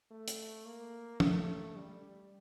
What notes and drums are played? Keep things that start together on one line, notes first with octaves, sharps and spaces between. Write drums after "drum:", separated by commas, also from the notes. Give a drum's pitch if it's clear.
A3
drum: hi-hat
A#3
A3, drum: tom
G3